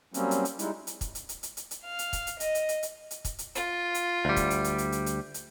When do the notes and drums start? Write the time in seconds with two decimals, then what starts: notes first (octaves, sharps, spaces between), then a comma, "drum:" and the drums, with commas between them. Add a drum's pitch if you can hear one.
0.14 F#3 G3 A#3 C4 C#4, drum: hi-hat
0.31 drum: hi-hat
0.45 drum: hi-hat
0.59 G3 G#3 D#4 E4, drum: hi-hat
0.87 drum: hi-hat
1.01 drum: kick, hi-hat
1.15 drum: hi-hat
1.29 drum: hi-hat
1.43 drum: hi-hat
1.57 drum: hi-hat
1.71 drum: hi-hat
1.84 F5
1.99 drum: hi-hat
2.13 drum: kick, hi-hat
2.27 drum: hi-hat
2.40 D#5, drum: hi-hat
2.55 drum: hi-hat
2.69 drum: hi-hat
2.83 drum: hi-hat
3.11 drum: hi-hat
3.25 drum: kick, hi-hat
3.39 drum: hi-hat
3.55 F4, drum: hi-hat
3.94 drum: hi-hat
4.25 D2 G3
4.36 drum: kick, hi-hat
4.50 drum: hi-hat
4.64 drum: hi-hat
4.78 drum: hi-hat
4.92 drum: hi-hat
5.06 drum: hi-hat
5.34 drum: hi-hat